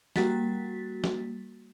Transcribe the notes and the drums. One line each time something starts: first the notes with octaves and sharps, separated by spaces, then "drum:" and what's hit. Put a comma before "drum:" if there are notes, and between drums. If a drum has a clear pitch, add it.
G3 A#3 F#4 A6 B6, drum: snare
drum: snare